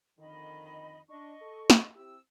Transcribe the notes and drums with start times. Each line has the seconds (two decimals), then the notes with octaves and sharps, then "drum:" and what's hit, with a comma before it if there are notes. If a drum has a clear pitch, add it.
0.19 F2 D3 D#3 D#5 B5
1.09 D4 D#5 C#6
1.42 A4
1.70 drum: snare
1.95 C4 E4 G4 E6